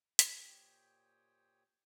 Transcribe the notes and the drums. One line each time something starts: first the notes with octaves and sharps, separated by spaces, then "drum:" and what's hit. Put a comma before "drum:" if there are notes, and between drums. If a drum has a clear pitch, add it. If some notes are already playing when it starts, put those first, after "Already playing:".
A#2 G4 C5 C#5 G5 D#6, drum: hi-hat